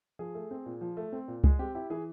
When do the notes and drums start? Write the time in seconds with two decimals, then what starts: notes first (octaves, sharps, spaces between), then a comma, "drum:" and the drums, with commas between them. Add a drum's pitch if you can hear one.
0.19 F3 G#4
0.35 A3
0.51 C4
0.66 A#2
0.81 F3
0.97 A3
1.12 C4
1.28 A#2
1.44 G#3 G#4, drum: kick C#2
1.59 C4 G4
1.75 E4 G4
1.90 E3 G#4